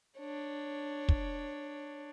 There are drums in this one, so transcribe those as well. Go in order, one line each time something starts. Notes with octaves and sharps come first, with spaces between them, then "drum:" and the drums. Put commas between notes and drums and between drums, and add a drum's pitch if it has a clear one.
D4 C#5
drum: kick